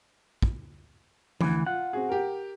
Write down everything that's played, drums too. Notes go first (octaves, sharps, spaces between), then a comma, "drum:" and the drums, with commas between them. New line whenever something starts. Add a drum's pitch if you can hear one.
drum: kick
D2 E3, drum: tom F3
F4 F#5
C4 F#4 G#4
G4 A#4